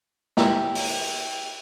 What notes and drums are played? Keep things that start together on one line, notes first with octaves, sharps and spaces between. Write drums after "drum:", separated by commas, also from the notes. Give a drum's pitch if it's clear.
E4 G4 A#5, drum: snare
drum: open hi-hat